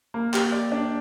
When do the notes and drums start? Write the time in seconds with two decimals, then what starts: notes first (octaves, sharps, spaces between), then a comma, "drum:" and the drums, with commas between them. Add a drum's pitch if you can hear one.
0.14 A#3
0.34 G4, drum: clap
0.52 D5
0.72 D4